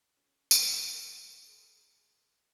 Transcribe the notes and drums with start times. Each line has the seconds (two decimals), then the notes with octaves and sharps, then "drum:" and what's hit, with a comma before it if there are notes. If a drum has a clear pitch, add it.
0.17 C#4
0.51 drum: tambourine
1.47 G#4 A#4 C6